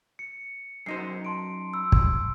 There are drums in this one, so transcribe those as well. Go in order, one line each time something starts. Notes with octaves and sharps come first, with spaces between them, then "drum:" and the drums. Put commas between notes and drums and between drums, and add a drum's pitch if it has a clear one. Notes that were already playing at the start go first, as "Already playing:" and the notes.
C#7
F#2 D#4 C5 C7
A5 C6 D7
B5 E6
drum: kick